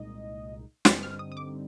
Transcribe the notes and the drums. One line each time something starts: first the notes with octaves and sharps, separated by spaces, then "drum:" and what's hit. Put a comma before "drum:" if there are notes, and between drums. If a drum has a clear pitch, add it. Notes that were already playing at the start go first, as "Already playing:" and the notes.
Already playing: C2 A#2 G#3 D#4 D#5
G2 D3 G3 C4 D#4 G5, drum: snare
F6
D#6
D#6
D6